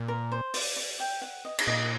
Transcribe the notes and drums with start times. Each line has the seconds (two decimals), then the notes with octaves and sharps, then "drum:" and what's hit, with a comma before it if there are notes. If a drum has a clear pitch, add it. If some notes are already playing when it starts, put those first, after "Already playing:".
Already playing: A#2
0.08 A#4
0.32 C5
0.54 D5, drum: open hi-hat
0.76 D5
1.00 G5
1.22 F#5
1.45 D#5
1.58 D5, drum: cymbal
1.67 A#2 D#5